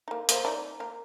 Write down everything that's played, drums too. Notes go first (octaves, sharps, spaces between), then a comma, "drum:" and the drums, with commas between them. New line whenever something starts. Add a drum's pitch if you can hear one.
A#3 D#4
A#3 C5, drum: hi-hat
D#4 D5
A#3 A#4